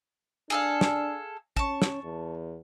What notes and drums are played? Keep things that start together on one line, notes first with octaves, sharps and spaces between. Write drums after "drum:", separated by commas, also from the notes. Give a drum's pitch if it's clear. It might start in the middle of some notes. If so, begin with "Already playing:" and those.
D4 G#4 A4 F5
drum: snare
C#4 A5 C#6, drum: kick
drum: snare
E2